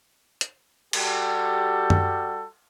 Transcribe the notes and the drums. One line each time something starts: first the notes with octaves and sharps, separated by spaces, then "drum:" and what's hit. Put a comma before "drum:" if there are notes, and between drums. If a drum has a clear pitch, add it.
drum: hi-hat
G3 F#4 G4 A4, drum: cymbal
drum: tom F#2